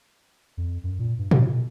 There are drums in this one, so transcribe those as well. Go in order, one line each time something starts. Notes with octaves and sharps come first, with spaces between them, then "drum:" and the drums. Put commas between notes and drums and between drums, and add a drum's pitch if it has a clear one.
F2
F#2
A#2
G2
A2, drum: tom A#2
B2